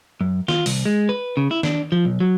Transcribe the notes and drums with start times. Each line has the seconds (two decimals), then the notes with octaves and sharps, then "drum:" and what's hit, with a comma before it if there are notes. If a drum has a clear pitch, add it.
0.21 F#2
0.48 F4, drum: snare D#3
0.66 C2, drum: open hi-hat
0.86 G#3
1.09 B4
1.37 C#3
1.51 E4
1.63 D4, drum: snare D#3
1.92 F3
2.05 B1
2.20 F#3